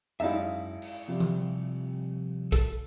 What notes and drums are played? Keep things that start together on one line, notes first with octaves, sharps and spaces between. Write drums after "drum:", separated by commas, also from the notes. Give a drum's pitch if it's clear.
G#1 F#2 D#4 E4 E5 F5
drum: cymbal
C3 F3 G3 C4
drum: tom D#3
A4, drum: kick